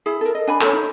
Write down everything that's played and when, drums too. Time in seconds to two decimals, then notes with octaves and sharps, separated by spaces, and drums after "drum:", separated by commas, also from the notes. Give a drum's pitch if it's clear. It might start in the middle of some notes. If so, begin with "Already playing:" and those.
0.06 E4 G#4
0.21 A4 A#4
0.35 D#5
0.47 D4 G#5 B5
0.61 A4 C#5, drum: clap
0.73 D#4